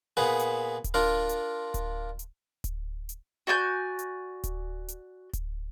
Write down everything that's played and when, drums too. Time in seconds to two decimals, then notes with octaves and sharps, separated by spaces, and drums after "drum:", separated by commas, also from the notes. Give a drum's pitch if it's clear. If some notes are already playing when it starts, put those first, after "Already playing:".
0.17 A#2 B3 G#4
0.39 drum: hi-hat
0.84 drum: kick D1, hi-hat
0.94 D4 F4 A#4
1.29 drum: hi-hat
1.74 drum: kick D1, hi-hat
2.19 drum: hi-hat
2.64 drum: kick D1, hi-hat
3.09 drum: hi-hat
3.47 F#4 D5 G#5 G6
3.99 drum: hi-hat
4.44 drum: kick D1, hi-hat
4.88 drum: hi-hat
5.33 drum: kick D1, hi-hat